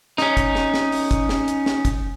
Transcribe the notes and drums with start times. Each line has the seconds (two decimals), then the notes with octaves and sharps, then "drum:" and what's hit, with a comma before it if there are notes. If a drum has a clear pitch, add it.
0.18 C#4 D#4, drum: snare
0.37 drum: kick, hi-hat
0.55 drum: snare
0.74 drum: snare
0.92 drum: open hi-hat
1.11 drum: kick, hi-hat
1.29 drum: snare
1.48 drum: hi-hat
1.66 drum: snare
1.85 drum: kick, hi-hat